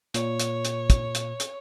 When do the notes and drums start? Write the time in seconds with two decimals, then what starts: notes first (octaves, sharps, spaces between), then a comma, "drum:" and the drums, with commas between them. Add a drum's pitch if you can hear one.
0.14 A#2 C#5, drum: hi-hat
0.40 drum: hi-hat
0.65 drum: hi-hat
0.90 drum: kick, hi-hat
1.15 drum: hi-hat
1.40 drum: hi-hat